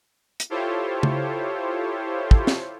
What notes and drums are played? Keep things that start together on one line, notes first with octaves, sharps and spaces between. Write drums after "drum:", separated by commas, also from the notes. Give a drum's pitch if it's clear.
drum: hi-hat
E4 F4 G4 A4 C5 C#5
drum: tom C#3
drum: kick
drum: snare